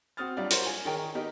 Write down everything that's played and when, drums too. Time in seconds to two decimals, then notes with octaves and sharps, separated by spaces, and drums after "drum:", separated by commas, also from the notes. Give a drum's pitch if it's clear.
0.17 C4 F#4 D#6 F6 A6
0.37 F#3 G3 D4 F4 D5
0.51 A#4 C5 C#5 F#5, drum: hi-hat
0.66 G#5
0.85 D#3 G#4 A#4 C#5 G5
1.15 B3 D#4 G4 A#4